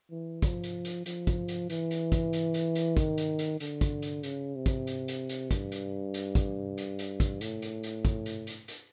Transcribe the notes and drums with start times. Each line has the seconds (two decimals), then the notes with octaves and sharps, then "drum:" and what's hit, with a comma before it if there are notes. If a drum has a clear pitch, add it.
0.11 E3
0.42 F3, drum: kick, hi-hat
0.64 drum: hi-hat
0.85 drum: hi-hat
1.06 F3, drum: hi-hat
1.27 drum: kick, hi-hat
1.48 drum: hi-hat
1.70 E3, drum: hi-hat
1.91 drum: hi-hat
2.12 drum: kick, hi-hat
2.33 drum: hi-hat
2.54 drum: hi-hat
2.75 drum: hi-hat
2.97 D#3, drum: kick, hi-hat
3.18 drum: hi-hat
3.39 drum: hi-hat
3.60 D3, drum: hi-hat
3.81 drum: kick, hi-hat
4.02 drum: hi-hat
4.23 C#3, drum: hi-hat
4.56 C3
4.66 drum: kick, hi-hat
4.87 drum: hi-hat
5.08 drum: hi-hat
5.29 drum: hi-hat
5.51 G2, drum: kick, hi-hat
5.72 drum: hi-hat
6.14 drum: hi-hat
6.35 drum: kick, hi-hat
6.78 drum: hi-hat
6.99 drum: hi-hat
7.20 drum: kick, hi-hat
7.41 A2, drum: hi-hat
7.62 drum: hi-hat
7.83 drum: hi-hat
8.05 drum: kick, hi-hat
8.26 drum: hi-hat
8.47 drum: hi-hat
8.68 drum: hi-hat